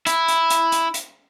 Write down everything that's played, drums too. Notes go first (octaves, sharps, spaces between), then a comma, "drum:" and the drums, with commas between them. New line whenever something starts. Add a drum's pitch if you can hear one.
E4, drum: hi-hat
drum: hi-hat
drum: hi-hat
drum: hi-hat
drum: hi-hat